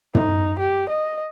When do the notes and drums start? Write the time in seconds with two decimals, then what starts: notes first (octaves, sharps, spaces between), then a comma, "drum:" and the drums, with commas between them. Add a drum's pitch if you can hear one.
0.15 D#4, drum: tom
0.59 G4
0.89 D#5